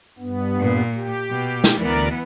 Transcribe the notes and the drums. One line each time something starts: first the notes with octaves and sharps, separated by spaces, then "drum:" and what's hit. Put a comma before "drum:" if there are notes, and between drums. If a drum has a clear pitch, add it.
G2 B3
A#2
G4
B2
drum: snare
D2 E3 B3 A#4 D5